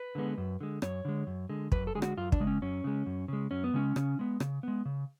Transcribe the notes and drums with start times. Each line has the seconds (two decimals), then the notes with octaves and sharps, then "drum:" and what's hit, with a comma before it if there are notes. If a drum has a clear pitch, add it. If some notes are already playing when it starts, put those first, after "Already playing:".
Already playing: B4
0.15 D3 G#3 B3
0.38 F#2
0.61 D3 G#3
0.82 F#2 C#5, drum: rim click
1.05 D3 G#3
1.27 F#2
1.50 D3 G#3
1.72 F#2 B4, drum: kick
1.87 A4
1.95 D3 G#3 G#4
2.02 F#4, drum: rim click
2.17 F#2 F4
2.32 D4, drum: kick
2.40 C#3 G#3
2.47 C#4
2.62 F#2 C#4
2.84 C#3 G#3
3.06 F#2
3.28 C#3 G#3
3.51 F#2 C#4
3.64 B3
3.74 C#3 G#3 C#4
3.96 C#3, drum: rim click
4.19 G#3 B3
4.40 C#3, drum: rim click
4.63 G#3 B3
4.85 C#3